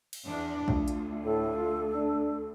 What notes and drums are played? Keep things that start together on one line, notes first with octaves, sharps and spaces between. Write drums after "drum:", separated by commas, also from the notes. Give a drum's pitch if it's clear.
drum: cymbal
E2 D4
D2 F4, drum: kick A#1
drum: hi-hat
A2 A4
F4
D4